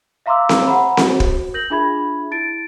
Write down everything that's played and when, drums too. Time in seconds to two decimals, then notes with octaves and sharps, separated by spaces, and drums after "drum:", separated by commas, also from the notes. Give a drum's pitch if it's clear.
0.26 E5 F5 A#5 C6 D6 E6
0.49 drum: snare C4
0.67 F#5 A#5 B5
0.97 F#4, drum: snare C4
1.20 drum: kick
1.54 A#4 G6 A#6 F#7
1.70 D4 F4 G#4 E5 B5 G#6
2.31 E4 A6 D7